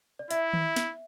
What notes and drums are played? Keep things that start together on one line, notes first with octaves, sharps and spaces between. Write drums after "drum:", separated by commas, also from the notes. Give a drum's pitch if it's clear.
D5
E4 E5, drum: hi-hat
drum: tom D#3
drum: snare